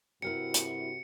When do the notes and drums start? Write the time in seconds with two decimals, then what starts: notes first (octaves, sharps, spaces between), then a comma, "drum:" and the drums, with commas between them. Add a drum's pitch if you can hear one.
0.22 G2 C3 E4 F#4 A#4 G5 C#7
0.54 drum: hi-hat